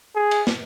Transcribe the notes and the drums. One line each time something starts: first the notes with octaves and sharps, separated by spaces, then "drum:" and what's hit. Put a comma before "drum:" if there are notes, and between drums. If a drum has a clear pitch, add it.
G#4
drum: cymbal
drum: snare